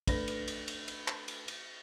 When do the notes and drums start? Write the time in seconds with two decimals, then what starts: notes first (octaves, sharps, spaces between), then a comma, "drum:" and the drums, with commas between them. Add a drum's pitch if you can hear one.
0.07 A3 D4 B4 A#6, drum: kick, cymbal
0.28 drum: cymbal
0.48 drum: cymbal
0.68 drum: cymbal
0.88 drum: cymbal
1.08 drum: clap
1.28 drum: cymbal
1.48 drum: cymbal